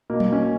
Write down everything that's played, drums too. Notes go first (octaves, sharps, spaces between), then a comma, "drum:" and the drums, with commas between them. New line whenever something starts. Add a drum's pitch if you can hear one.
B2 A#3
drum: tom
C#4